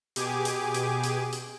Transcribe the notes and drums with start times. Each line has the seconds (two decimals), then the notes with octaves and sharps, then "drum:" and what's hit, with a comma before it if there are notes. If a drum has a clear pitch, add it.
0.16 B2 G4 G#4 G#5 D6, drum: hi-hat
0.45 drum: hi-hat
0.74 drum: hi-hat
1.04 drum: hi-hat
1.33 drum: hi-hat